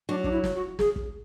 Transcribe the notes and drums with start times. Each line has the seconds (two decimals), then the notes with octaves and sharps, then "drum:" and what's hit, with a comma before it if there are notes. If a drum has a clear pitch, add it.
0.09 F#3 D4
0.24 D4, drum: kick
0.31 E4
0.44 drum: snare
0.55 F#4
0.79 G#4, drum: snare
0.96 drum: kick